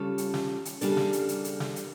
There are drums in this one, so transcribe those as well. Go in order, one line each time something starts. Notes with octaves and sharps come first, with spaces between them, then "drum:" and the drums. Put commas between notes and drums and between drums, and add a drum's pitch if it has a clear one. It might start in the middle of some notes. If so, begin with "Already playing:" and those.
Already playing: C#3 G3 C#4 F4 A4
drum: hi-hat
drum: snare
drum: hi-hat
C#3 G3 A#3 D4 A4, drum: hi-hat
drum: snare
drum: hi-hat
drum: hi-hat
drum: hi-hat
drum: snare
drum: hi-hat